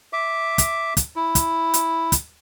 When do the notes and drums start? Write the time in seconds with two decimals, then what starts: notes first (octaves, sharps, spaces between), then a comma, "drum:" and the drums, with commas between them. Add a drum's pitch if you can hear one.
0.13 E5 D6
0.58 drum: kick, hi-hat
0.97 drum: kick, hi-hat
1.16 E4
1.35 drum: kick, hi-hat
1.74 drum: hi-hat
2.12 drum: kick, hi-hat